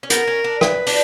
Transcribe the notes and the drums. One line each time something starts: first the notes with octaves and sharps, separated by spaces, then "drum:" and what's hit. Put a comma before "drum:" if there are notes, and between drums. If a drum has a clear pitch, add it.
C#4
B3 A#4, drum: hi-hat
C#4
D4
B4, drum: rim click
D4, drum: open hi-hat